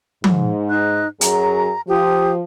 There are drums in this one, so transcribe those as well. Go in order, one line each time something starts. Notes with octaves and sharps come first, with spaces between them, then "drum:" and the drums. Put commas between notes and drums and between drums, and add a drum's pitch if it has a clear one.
G#2, drum: tom F3
D#4 F#6
F#2 F#3 G#4 A#5, drum: hi-hat
F3 G4 D#6